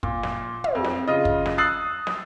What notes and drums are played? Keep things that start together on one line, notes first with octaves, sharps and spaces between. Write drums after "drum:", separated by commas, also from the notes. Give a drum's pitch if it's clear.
A#2, drum: kick
drum: snare
drum: tom
F2
drum: snare
C#3 F4 D#5
drum: kick
drum: snare
D#6 E6 F#6 A6 C7 F#7
drum: snare